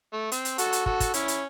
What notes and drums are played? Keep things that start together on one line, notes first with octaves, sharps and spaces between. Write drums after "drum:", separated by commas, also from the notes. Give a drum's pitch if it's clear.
A3
C4, drum: hi-hat
drum: hi-hat
F#4 A4, drum: hi-hat
drum: hi-hat
F#4 A4, drum: kick
drum: kick, hi-hat
C#4 E4, drum: hi-hat
drum: hi-hat